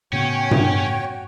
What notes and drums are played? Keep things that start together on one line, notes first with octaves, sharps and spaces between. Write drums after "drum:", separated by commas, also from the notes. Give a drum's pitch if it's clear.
A2 C#3 B3 C#4 F#4 C#5 G5
drum: tom G2